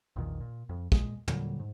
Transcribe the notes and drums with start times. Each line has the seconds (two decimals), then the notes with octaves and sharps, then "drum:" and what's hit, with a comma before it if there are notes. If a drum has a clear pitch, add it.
0.16 A#1 E2 A#2 D#3
0.40 A#2
0.69 F2
0.92 A#2 G#3, drum: kick
1.28 A#2 D3 F#3 G3, drum: tom
1.60 G#2